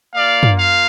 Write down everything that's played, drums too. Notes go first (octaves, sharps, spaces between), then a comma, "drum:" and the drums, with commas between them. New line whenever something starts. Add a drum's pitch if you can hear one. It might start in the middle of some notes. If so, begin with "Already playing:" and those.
A#3 F4 D5 F5
drum: tom
F5